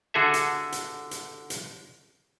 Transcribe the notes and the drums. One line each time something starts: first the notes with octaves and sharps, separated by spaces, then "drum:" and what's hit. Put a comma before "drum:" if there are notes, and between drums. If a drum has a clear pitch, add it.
D3 F#4 G#4 A4 E5
drum: hi-hat
drum: hi-hat
drum: hi-hat
drum: hi-hat